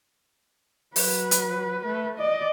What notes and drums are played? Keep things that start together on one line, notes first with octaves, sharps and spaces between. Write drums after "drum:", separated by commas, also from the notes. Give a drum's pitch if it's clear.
F#3 B4, drum: open hi-hat
drum: hi-hat
A3 B4
D5 D#5